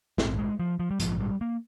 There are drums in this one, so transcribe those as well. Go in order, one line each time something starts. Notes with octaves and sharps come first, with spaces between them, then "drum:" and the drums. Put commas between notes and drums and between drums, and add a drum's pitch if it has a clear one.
A#1 G#2 C4, drum: snare
G#3
F3
F3
G3
A#1 G#2 F3, drum: hi-hat
G3
A#3